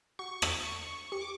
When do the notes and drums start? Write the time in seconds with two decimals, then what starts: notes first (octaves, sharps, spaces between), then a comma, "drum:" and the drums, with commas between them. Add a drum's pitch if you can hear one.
0.19 F#4 C#6
0.42 drum: rim click
1.12 G4 C#6
1.21 D6